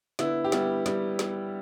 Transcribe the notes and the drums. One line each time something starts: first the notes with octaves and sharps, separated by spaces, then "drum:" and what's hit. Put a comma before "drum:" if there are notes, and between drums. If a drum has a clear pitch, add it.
D3 B3 E4, drum: snare
G4
G3 B3 E4, drum: snare
G3, drum: snare
drum: snare